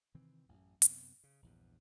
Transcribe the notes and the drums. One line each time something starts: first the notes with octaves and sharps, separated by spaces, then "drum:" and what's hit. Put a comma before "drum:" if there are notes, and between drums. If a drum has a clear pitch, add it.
C3 D#3 E3 C4
A1 F#2
F#2 C3 A#3 B3, drum: hi-hat
C#3
A#1 E2 G2